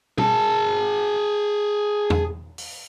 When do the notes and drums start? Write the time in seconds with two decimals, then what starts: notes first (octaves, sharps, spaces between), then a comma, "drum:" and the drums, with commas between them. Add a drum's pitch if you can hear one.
0.18 G#4 A5, drum: tom
2.10 drum: tom E2
2.58 drum: open hi-hat